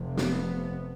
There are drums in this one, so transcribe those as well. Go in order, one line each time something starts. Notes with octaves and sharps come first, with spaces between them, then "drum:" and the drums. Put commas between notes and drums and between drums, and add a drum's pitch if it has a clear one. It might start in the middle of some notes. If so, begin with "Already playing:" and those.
Already playing: F1 F2 C3
B3, drum: snare